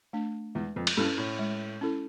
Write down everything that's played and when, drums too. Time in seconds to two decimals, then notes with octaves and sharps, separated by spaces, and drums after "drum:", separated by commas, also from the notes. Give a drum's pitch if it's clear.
0.13 A3 D4
0.55 E2 G#3
0.76 F2
0.87 drum: cymbal
0.97 G2 C#4 E4 A4
1.18 A2
1.39 G#3
1.81 C#4 E4 A4